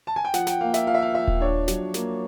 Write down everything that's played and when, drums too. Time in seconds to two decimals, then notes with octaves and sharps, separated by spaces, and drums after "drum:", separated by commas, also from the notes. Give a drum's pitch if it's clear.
0.07 A5
0.16 G#5
0.25 G5
0.34 F3 F#5, drum: snare
0.47 G5, drum: snare
0.60 A#3 F5
0.74 E5, drum: snare
0.87 F3 F5
0.94 E5
1.02 F5
1.14 F3 E5
1.28 drum: kick D#1
1.41 D4 C#5
1.68 F#3, drum: snare
1.94 A#3, drum: snare